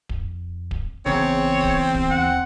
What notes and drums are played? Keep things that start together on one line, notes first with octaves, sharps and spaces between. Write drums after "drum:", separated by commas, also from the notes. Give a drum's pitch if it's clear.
F2, drum: kick D1
drum: kick D1
G#1 E2 C#3 C4 C#5
drum: kick D1
drum: kick D1
D#2 F#5